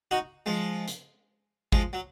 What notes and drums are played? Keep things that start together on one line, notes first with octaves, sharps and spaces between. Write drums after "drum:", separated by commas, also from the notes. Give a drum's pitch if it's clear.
D#4 F#4
F3 G#3
drum: hi-hat
F3 G#3, drum: kick
F#3